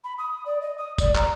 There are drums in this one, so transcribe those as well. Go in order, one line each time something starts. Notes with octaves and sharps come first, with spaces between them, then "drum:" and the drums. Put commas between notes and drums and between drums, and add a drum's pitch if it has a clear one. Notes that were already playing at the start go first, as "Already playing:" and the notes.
B5
D#6
D5
D#5
D#6
D5, drum: kick F#1, tambourine
A#5, drum: clap